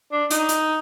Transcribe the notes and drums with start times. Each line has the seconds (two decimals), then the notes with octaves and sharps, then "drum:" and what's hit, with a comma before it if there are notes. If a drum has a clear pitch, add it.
0.12 D4
0.31 D#4, drum: hi-hat
0.49 drum: hi-hat